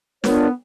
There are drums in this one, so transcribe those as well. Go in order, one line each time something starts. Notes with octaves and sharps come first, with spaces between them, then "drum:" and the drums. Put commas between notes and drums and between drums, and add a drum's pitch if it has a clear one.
B3 D4 F4 A#4 C#5, drum: snare